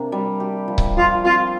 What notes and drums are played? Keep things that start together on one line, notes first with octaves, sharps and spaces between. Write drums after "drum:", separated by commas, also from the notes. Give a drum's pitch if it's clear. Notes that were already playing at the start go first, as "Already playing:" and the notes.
Already playing: C3 A#3 D4
G3
G4
F3
drum: kick C#1
F3 F4
C4 F4